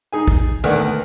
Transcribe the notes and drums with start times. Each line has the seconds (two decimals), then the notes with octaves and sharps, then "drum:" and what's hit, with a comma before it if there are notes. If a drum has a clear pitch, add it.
0.13 D#4 G#4 G#5
0.28 drum: kick
0.64 D2 D3 D#3 A3 B3